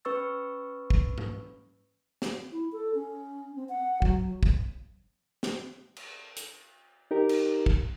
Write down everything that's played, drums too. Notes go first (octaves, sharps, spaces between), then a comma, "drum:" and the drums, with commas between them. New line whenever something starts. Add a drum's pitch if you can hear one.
C#4 B4 C#6 E6 A6
drum: kick
drum: tom G#2
drum: snare
E4
A4
C#4
C4
F#5
F#3, drum: kick
drum: kick
drum: snare
drum: cymbal
drum: hi-hat
D#4 G4 A#4
drum: cymbal
drum: kick